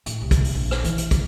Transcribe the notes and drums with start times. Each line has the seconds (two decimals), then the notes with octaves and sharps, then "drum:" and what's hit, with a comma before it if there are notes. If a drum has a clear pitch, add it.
0.06 A2, drum: hi-hat
0.21 C2
0.31 drum: kick, hi-hat
0.44 drum: open hi-hat
0.55 A#1
0.71 drum: rim click
0.84 E3, drum: hi-hat
0.98 drum: hi-hat
1.11 drum: kick, hi-hat